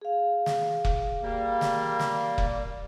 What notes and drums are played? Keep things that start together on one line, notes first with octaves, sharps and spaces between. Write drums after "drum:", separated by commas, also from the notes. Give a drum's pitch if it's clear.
G#4 F5
drum: snare
drum: kick
G3 A#3
drum: snare
drum: snare
drum: kick